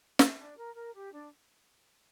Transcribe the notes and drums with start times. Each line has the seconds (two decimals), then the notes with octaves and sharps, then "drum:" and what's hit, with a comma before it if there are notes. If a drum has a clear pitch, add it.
0.19 D4, drum: snare
0.37 D4
0.57 A#4
0.74 A#4
0.94 G4
1.12 D4